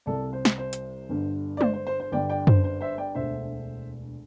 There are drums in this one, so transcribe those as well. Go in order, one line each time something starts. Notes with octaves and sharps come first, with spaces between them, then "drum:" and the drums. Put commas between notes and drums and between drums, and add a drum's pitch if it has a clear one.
C2 C3 G3 A4 D5
C5
drum: snare
C5
drum: hi-hat
G1 G2 D3
D5
C5, drum: tom G#3
C5
C5
C5
G1 G2 D3 G3 D5 G5
D5 G5
C5, drum: tom F#2
C5
C5 E5
D5 G5
E1 D2 D3 C5 E5